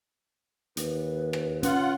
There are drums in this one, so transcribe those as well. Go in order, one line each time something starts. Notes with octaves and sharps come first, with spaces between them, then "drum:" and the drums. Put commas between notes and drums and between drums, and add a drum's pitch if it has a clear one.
D#2 B4, drum: hi-hat
drum: rim click
C#4 F4 F#5, drum: hi-hat